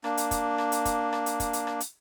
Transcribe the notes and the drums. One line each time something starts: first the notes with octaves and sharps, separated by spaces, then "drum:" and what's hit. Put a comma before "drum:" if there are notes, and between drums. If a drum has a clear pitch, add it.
A#3 D4, drum: rim click
drum: hi-hat
drum: kick, hi-hat
drum: rim click
drum: hi-hat
drum: kick, hi-hat
drum: rim click
drum: hi-hat
drum: kick, hi-hat
drum: hi-hat
drum: rim click
drum: hi-hat